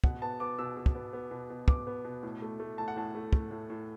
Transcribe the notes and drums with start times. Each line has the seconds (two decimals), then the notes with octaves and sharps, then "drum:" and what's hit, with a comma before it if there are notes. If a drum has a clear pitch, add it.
0.04 B2 F#5, drum: kick
0.22 B3 A5
0.40 B3 D6
0.59 B2 E6
0.77 B2
0.86 drum: kick
0.95 B3
1.13 B3
1.31 B2
1.50 B2
1.68 B3 D6, drum: kick
1.87 B3
2.05 B2
2.23 A2
2.42 A3
2.60 A3
2.78 A2 A5
2.88 F#5
2.96 A2 A5
3.15 A3
3.33 A3, drum: kick
3.51 A2
3.70 A2